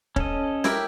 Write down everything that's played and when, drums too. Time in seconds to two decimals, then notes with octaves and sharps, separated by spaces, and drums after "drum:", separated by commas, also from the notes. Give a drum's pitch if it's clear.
0.16 C#4 A4 D#5, drum: kick
0.64 E4 G4 A#4, drum: snare